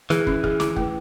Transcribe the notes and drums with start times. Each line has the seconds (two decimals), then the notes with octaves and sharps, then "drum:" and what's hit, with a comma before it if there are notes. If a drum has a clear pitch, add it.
0.10 E3 G#4, drum: snare
0.27 C#4, drum: kick
0.44 G#4, drum: kick
0.60 E4, drum: snare
0.76 A3, drum: kick